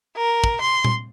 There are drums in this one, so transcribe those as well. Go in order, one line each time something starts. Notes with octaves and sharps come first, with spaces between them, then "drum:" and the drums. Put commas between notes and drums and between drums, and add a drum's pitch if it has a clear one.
A#4
drum: kick
C6
drum: tom A#2